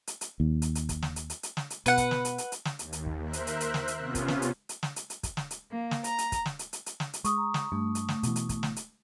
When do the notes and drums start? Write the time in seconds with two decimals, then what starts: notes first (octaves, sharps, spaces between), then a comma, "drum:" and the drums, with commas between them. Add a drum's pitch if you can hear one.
0.07 drum: hi-hat
0.21 drum: hi-hat
0.40 D#2
0.62 drum: hi-hat
0.75 drum: hi-hat
0.89 drum: kick, hi-hat
1.02 drum: snare
1.16 drum: hi-hat
1.30 drum: hi-hat
1.43 drum: hi-hat
1.57 drum: snare
1.70 drum: hi-hat
1.86 B2 B4 F#5, drum: hi-hat
1.98 drum: kick, hi-hat
2.11 drum: snare
2.25 drum: hi-hat
2.38 drum: hi-hat
2.52 drum: hi-hat
2.65 drum: snare
2.79 D#2, drum: hi-hat
2.93 drum: hi-hat
3.06 drum: kick
3.23 A#4 C5 E5 F#6
3.33 drum: hi-hat
3.47 drum: hi-hat
3.60 drum: hi-hat
3.74 drum: snare
3.88 drum: hi-hat
3.98 C3 B3 C#4 F4
4.15 drum: kick, hi-hat
4.28 drum: snare
4.42 drum: hi-hat
4.69 drum: hi-hat
4.83 drum: snare
4.96 drum: hi-hat
5.10 drum: hi-hat
5.23 drum: kick, hi-hat
5.37 drum: snare
5.51 drum: hi-hat
5.71 A#3
5.91 drum: snare
6.04 A#5, drum: hi-hat
6.18 drum: hi-hat
6.32 drum: kick, hi-hat
6.46 drum: snare
6.59 drum: hi-hat
6.73 drum: hi-hat
6.86 drum: hi-hat
7.00 drum: snare
7.13 drum: hi-hat
7.24 G#3 C#6 D#6, drum: hi-hat
7.37 A#5
7.54 drum: snare
7.72 G2 A3
7.95 drum: hi-hat
8.09 drum: snare
8.23 B2 E3, drum: hi-hat
8.36 drum: hi-hat
8.49 drum: kick, hi-hat
8.63 drum: snare
8.76 drum: hi-hat